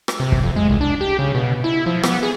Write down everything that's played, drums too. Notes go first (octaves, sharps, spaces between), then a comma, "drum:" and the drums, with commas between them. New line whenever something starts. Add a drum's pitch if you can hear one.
drum: rim click
C3
drum: kick
F2
G#3
C2
D4
G4
C#3
B2
E4
F3
B3, drum: rim click
G#4